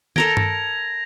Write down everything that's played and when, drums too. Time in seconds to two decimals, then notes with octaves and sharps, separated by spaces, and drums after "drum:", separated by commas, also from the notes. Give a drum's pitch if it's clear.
0.16 A4 A#4 G5 G#6 A#6 F7, drum: tom
0.37 drum: tom G2